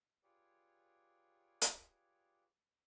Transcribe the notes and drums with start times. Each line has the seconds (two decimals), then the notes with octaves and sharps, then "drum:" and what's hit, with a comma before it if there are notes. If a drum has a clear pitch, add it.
0.23 F4 G4 G#4 B4 C#5 D5
1.62 drum: hi-hat